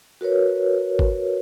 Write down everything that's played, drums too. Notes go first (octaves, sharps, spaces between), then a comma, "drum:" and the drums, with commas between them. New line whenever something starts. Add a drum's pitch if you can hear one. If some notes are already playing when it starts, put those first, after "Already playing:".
F#4 A#4 B4 C#5
drum: kick G#1